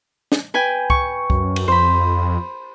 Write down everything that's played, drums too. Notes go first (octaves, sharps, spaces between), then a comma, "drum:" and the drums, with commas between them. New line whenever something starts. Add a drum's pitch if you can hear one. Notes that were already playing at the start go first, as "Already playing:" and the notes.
drum: snare
B4 G5 G#5
C#6, drum: kick C2
F#2, drum: kick C2
drum: cymbal
F2 C5 B5